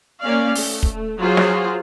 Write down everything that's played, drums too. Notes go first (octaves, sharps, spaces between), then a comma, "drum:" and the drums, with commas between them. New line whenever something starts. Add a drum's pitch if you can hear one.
A#3 C#4 D5 F5
A3, drum: open hi-hat
drum: kick
F#3 F4 G#4 C5
drum: snare